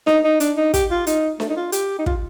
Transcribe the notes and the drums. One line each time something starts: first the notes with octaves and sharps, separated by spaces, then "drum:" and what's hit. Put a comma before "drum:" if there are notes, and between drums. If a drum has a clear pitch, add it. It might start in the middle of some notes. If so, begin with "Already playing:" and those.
D#4, drum: snare D4
D#4
D4, drum: hi-hat
D#4
G4, drum: kick, hi-hat
F4
D#4, drum: hi-hat
A3, drum: snare D4
D#4
F4
G4, drum: hi-hat
D#4
F4, drum: kick